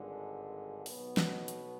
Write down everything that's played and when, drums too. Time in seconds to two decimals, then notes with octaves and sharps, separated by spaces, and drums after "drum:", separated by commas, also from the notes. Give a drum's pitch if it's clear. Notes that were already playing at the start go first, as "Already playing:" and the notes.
Already playing: G#1 G2 D3 G#3
0.86 B1 B2 B3, drum: open hi-hat
1.17 drum: snare
1.48 drum: hi-hat